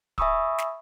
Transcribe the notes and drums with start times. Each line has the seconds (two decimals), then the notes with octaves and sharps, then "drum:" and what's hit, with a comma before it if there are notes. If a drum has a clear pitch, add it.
0.18 E5 G#5 B5 C#6 D#6 E6, drum: kick
0.58 drum: snare